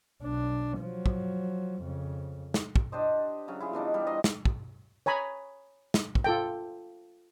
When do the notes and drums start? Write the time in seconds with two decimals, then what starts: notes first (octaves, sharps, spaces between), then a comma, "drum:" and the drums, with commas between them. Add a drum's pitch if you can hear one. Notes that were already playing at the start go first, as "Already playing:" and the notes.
0.21 B1 D4
0.79 F3 F#3
1.06 drum: kick
1.82 F2 C#3
2.54 drum: snare
2.76 drum: kick
2.92 D4 G4 C5 D#5
3.48 C#3 F#3
3.60 E4 F4 G#4
3.73 B2 E3 D4 D#4
3.94 G3
4.06 C5 D#5 A#5 C6
4.24 drum: snare
4.45 drum: kick
5.06 C#5 G#5 A#5 B5 D#6
5.94 drum: snare
6.15 drum: kick
6.24 F4 A4 G5